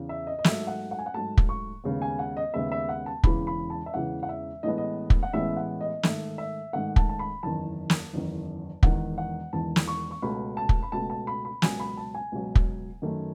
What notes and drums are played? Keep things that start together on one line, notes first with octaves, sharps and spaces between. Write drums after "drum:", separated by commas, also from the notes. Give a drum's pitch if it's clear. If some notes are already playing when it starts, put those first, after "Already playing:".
Already playing: E2 C#3 E3
E5
D#5
D#5
G#2 F#3 A3 E5, drum: snare
F#5
F#5
G#5
F#5
G#2 F#3 A3 A5
drum: kick
C#6
D#2 C#3 G#3 B3
G#5
F#5
D#5
D#2 C#3 G#3 B3 E5
E5
F#5
A5
E1 E2 C#3 E3 B5, drum: kick
B5
A5
E5
E1 E2 C#3 E3 F#5
F#5
E5
A1 A2 E3 G#3 B3 D#5
D#5
drum: kick
F#5
A1 A2 E3 G#3 B3 E5
F#5
D#5
G#2 D#3 A3 E5, drum: snare
E5
G#2 D#3 A3 F#5
A5, drum: kick
A5
B5
F#1 E2 D#3 A5
drum: snare
F#1 E2 D#3
E1 E2 D#3 F#5, drum: kick
F#5
E1 E2 D#3 A5
drum: snare
C#6
C#6
C#2 B2 A3 B5
A5
drum: kick
B5
C#2 B2 A3 A5
A5
B5
B5
C#2 B2 F#3 G#5, drum: snare
B5
A5
G#5
C#2 B2 F#3
drum: kick
F#2 D#3 A3